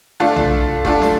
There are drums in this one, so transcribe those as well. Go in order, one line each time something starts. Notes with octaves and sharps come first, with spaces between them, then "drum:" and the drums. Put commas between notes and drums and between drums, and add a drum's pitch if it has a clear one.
A3 D4 F4 A4
drum: tom B1
A3 D4 F4 A4, drum: kick F1
drum: snare